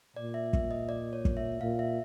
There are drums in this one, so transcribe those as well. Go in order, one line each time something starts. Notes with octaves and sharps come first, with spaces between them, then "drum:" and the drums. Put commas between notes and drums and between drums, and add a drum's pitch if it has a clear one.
A#2 D5
E5
E5, drum: kick
D#5
D5
C#5
drum: kick
E5
A#2 F5
E5